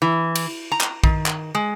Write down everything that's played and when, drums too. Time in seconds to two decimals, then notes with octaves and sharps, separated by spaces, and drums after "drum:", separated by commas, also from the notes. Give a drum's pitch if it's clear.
0.02 E3
0.35 drum: cymbal
0.72 A#5
0.81 drum: clap
1.04 D#3, drum: kick A#1
1.26 drum: clap
1.55 G#3